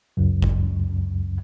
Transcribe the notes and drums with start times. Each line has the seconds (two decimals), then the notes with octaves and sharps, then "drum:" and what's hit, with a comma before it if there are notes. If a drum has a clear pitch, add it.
0.17 C#2 F#2
0.42 drum: kick G1